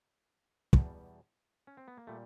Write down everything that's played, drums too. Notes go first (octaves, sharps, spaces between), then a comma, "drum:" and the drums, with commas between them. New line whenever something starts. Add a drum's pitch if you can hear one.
E2 B2 G3, drum: kick
C#4
C4
B3
A#3
A#2 G3 A3